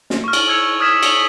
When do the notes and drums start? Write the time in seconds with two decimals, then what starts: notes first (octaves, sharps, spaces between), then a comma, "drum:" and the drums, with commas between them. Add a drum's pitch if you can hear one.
0.10 drum: snare
0.24 C#6 F6
0.33 drum: cymbal
0.48 E6 G#6 C#7 F7
0.80 D#6 F6 G#6 B6 E7
1.03 C#7 F7, drum: cymbal